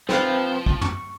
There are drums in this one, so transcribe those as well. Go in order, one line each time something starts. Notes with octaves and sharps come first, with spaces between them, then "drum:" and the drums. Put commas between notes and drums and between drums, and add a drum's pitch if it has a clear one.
F3 C4 B4 F5, drum: snare
drum: kick
C#6, drum: tom